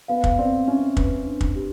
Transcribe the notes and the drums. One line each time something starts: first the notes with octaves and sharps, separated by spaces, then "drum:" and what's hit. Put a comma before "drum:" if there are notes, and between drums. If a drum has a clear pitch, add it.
B3 F5
drum: kick
C4 D5
C#4 E5
B4, drum: kick
D4
drum: kick
G4